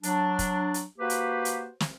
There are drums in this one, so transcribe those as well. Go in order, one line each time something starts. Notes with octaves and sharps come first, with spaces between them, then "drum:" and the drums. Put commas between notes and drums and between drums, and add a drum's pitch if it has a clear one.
F#3 D4, drum: hi-hat
drum: kick, hi-hat
drum: hi-hat
A#3 F#4 G4 B4 C5
drum: hi-hat
drum: hi-hat
drum: snare